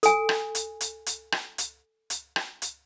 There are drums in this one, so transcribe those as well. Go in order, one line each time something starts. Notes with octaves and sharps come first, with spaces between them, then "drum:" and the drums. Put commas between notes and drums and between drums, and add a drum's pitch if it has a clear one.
A4 G#5, drum: hi-hat
drum: rim click
drum: hi-hat
drum: hi-hat
drum: hi-hat
drum: rim click
drum: hi-hat
drum: hi-hat
drum: rim click
drum: hi-hat